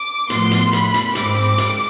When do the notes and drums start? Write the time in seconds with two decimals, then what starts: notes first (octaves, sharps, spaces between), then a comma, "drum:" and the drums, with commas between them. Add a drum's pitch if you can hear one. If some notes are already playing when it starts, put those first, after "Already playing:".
Already playing: D6
0.30 A2 F3 B3 C6, drum: hi-hat
0.51 drum: hi-hat
0.73 B5, drum: hi-hat
0.94 drum: hi-hat
1.15 G#2 G#3 C4 D6, drum: hi-hat
1.58 drum: hi-hat